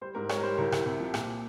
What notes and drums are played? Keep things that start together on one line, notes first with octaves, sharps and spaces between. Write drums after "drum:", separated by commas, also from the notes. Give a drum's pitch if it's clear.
G3 C5
G#2 A#4
G3 C#5, drum: rim click
A#4
G3 C5
C2 A#4
C2, drum: rim click
C3
F3
A#2, drum: rim click